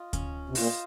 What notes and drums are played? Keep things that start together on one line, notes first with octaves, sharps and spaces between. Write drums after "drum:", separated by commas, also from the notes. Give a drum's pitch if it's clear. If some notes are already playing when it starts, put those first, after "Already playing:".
Already playing: F4 D#5
C#4, drum: kick D2, hi-hat
C3
A#2 F4 C5 D#5, drum: open hi-hat